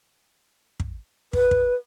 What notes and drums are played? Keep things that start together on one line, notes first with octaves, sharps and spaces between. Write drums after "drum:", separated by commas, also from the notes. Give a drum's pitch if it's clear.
drum: kick
B4, drum: kick
drum: kick